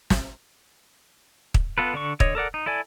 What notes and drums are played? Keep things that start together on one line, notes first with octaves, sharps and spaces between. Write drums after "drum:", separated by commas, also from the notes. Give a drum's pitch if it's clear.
drum: snare
drum: kick
B3 F4 A4 B4
D3 D4 C#6
D3 C#5 D#5, drum: kick
A4 A#4 D5 F#5
D#4
E4 A4 D5 G#5